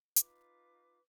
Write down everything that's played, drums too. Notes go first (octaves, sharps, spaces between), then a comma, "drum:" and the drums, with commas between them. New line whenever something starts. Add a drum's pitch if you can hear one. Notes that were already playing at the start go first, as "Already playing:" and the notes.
D#4 F4 B4 D6, drum: hi-hat